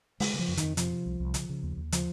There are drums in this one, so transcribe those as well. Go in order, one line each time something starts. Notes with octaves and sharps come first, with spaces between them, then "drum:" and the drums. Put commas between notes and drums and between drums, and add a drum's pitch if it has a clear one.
C#3 G#3, drum: open hi-hat
C#3
F3
F2
D#3, drum: hi-hat
F2
C3 F3, drum: hi-hat
C3
C2
C2
C#3, drum: hi-hat
C#3
D#2
D#2
C#3 F3, drum: hi-hat